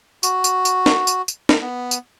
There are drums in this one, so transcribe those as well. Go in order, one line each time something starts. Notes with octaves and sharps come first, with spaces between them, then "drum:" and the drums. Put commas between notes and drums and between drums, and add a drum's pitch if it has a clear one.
F#4, drum: tambourine
drum: tambourine
drum: tambourine
drum: snare
drum: tambourine
drum: tambourine
drum: snare
B3
drum: tambourine